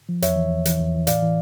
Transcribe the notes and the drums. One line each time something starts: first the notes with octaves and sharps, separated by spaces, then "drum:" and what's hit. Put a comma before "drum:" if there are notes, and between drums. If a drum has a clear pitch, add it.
F3
E2 C#5 E5, drum: hi-hat
E3
E2
E3, drum: hi-hat
E2
E3
A2 D5 F5, drum: hi-hat
E3